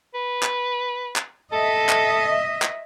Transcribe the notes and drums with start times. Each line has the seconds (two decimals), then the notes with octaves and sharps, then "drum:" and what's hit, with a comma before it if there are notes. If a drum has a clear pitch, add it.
0.14 B4
0.43 drum: clap
1.16 drum: clap
1.52 A4 D#5 E5
1.89 drum: clap
2.62 drum: clap